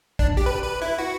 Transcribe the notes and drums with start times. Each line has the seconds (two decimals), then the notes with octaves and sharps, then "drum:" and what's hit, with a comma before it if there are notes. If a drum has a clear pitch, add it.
0.19 D4, drum: kick
0.37 G4
0.46 B4
0.64 B4
0.82 E4
0.98 F#4